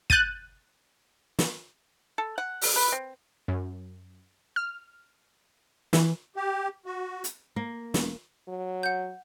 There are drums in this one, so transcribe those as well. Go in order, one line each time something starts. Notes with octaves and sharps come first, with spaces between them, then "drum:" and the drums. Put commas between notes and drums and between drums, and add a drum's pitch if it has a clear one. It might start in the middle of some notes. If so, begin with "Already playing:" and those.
F#6 G6 A6 D#7, drum: kick
drum: snare
A4
F#5
drum: open hi-hat
B4
C4
F#2
F6
E3, drum: snare
G4
F#4
drum: hi-hat
A#3
E1, drum: snare
F#3
F#5 G6